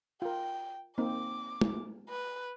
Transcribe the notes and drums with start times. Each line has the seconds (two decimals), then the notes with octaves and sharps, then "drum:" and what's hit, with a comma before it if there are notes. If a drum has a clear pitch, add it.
0.22 F4 A#4 G5
0.98 A#3 C4 D#4 D6
1.61 drum: tom
2.09 B4